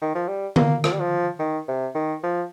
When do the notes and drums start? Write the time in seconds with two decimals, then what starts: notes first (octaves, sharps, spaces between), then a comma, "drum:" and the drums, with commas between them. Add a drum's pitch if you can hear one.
0.02 D#3
0.15 F3
0.28 G3
0.56 A#3, drum: tom D3
0.84 F3, drum: rim click
0.92 G3
1.00 F3
1.39 D#3
1.68 C3
1.95 D#3
2.23 F3